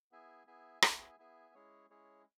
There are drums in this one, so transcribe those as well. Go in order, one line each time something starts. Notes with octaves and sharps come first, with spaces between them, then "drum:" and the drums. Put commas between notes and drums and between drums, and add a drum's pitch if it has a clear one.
B3 E4 G#4 E5 G#5
B3 E4 G#4 E5 G#5
B3 E4 G#4 E5 G#5, drum: rim click
B3 E4 G#4 E5 G#5
G#3 C#4 E4 G#4 C#5
G#3 C#4 E4 G#4 C#5